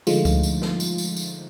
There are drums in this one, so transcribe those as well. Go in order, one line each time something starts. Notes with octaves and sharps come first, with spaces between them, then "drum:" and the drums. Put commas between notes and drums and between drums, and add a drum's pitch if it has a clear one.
D3 F3 G#3 A3 D#4 F4, drum: tambourine
drum: kick C#2, tambourine
drum: tambourine
drum: snare
drum: tambourine
drum: tambourine
drum: tambourine